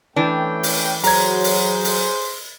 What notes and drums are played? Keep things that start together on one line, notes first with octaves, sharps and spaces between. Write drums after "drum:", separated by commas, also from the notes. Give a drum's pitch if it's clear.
E3 A3 C#4 D4 G5
drum: open hi-hat
F#3 G#4 C5 A#5 G#6, drum: open hi-hat
drum: open hi-hat
drum: open hi-hat